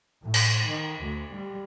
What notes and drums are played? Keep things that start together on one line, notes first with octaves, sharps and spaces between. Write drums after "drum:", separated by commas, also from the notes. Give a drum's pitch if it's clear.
A2
drum: cymbal
D#3
D2
G3